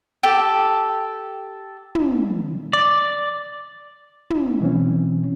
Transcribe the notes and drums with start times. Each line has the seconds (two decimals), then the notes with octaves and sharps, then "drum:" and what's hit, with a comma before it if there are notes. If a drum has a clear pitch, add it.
0.23 G4 A4
1.95 drum: tom
2.73 D5
4.30 drum: tom
4.61 B2 E3 C4 C#4